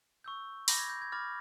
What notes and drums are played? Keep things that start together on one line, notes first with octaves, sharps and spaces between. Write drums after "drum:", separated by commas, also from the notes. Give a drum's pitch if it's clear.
C#6 E6 G6
B5 D6 G6 A#6, drum: open hi-hat
G#6
G6
G#6
B5 D6 F6 A6